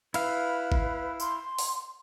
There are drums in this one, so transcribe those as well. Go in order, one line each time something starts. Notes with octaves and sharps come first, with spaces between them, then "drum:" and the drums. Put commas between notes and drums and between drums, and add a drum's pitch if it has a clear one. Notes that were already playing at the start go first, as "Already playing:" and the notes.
E4 B4 F5, drum: cymbal
drum: kick G1
C6, drum: tambourine
drum: open hi-hat